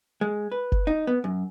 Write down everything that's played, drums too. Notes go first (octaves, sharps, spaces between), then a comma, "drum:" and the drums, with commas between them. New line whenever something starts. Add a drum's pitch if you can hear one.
G#3
B4
drum: kick F#1
D#4
B3
F#2